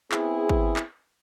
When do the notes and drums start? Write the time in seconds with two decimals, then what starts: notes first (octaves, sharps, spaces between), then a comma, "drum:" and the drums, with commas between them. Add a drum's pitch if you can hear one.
0.12 B3 C4 E4 G#4, drum: clap
0.49 drum: kick
0.76 drum: clap